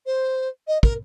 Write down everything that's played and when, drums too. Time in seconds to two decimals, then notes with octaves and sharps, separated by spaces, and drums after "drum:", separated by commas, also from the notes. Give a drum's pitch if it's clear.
0.06 C5
0.68 D#5
0.83 A#4, drum: kick